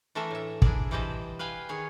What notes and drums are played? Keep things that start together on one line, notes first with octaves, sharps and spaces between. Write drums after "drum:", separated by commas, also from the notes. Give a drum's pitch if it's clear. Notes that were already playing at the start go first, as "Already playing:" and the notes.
E3 A3 D4 A4 A#4 E5
A2 E5
D4 E4 G#4 A#4 D5, drum: kick
E3 G3 G4 C5 D#5 A5
B4 F5 G5 G#5
D#3 G#4 C#5